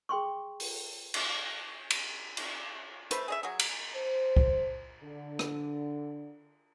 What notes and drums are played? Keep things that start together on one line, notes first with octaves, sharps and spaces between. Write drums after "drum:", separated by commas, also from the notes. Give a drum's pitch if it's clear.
G#4 G5 C6 C#6
drum: open hi-hat
drum: cymbal
drum: cymbal
drum: cymbal
A3 B4 C5, drum: hi-hat
G#4 D#5 E5
F#3 G#4
drum: cymbal
C5
drum: kick
D3
drum: rim click